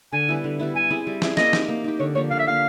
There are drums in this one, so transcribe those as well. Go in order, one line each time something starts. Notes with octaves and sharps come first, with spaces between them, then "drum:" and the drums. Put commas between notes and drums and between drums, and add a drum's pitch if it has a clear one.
D3 G#5
G3 B3 E4
D3
G3 B3 E4
G3 G#5
C4 E4 G#4
G3
C4 E4 G#4, drum: snare
A#3 D#5, drum: snare
D#4 G4, drum: snare
A#3
D#4 G4
D3 C#5
F3 A#3 C#5
D3 F5
E5
F3 A#3 F5